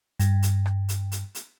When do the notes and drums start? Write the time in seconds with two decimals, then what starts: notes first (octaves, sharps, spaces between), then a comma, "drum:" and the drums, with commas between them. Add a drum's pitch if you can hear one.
0.19 G2, drum: hi-hat
0.43 drum: hi-hat
0.66 drum: rim click
0.89 drum: hi-hat
1.12 drum: hi-hat
1.35 drum: hi-hat